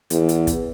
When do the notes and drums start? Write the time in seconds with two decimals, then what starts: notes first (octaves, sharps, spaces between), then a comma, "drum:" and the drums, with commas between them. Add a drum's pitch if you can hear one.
0.10 E2, drum: hi-hat
0.29 drum: hi-hat
0.47 drum: kick, hi-hat